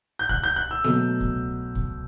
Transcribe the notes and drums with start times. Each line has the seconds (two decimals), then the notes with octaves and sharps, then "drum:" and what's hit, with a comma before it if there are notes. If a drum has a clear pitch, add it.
0.19 G6
0.29 F#6, drum: kick C2
0.44 G6
0.56 F#6
0.71 E6
0.84 B2 F#3 A3, drum: snare A#3
1.20 drum: kick C2
1.75 drum: kick C2